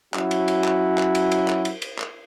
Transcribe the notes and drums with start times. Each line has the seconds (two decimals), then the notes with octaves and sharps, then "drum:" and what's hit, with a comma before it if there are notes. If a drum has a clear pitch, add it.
0.14 F#3 C#4 E4 F#4, drum: clap
0.31 drum: cymbal
0.48 drum: cymbal
0.64 drum: clap
0.98 drum: clap
1.15 drum: cymbal
1.32 drum: cymbal
1.48 drum: clap
1.65 drum: cymbal
1.82 drum: cymbal
1.99 drum: clap